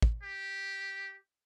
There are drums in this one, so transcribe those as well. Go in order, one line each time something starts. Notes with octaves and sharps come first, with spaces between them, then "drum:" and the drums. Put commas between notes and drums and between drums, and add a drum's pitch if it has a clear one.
drum: kick
G4